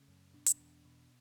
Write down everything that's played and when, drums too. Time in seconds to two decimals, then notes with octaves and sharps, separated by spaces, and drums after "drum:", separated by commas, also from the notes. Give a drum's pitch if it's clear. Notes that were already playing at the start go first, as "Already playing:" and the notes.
Already playing: C#3 A3
0.08 F#2
0.33 B2 D4
0.46 drum: hi-hat
0.59 E2
0.85 B2